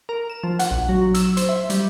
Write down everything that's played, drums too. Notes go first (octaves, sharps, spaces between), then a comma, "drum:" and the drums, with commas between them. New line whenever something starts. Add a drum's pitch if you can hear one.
A#4
E7
F3
F#5, drum: hi-hat
A#1
F#3
E6, drum: hi-hat
C5, drum: hi-hat
E5
G3, drum: hi-hat